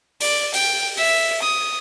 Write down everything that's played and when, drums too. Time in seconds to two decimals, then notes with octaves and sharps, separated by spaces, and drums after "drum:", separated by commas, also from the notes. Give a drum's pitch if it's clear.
0.21 D5, drum: open hi-hat
0.54 G5, drum: open hi-hat
0.97 E5, drum: open hi-hat
1.42 D#6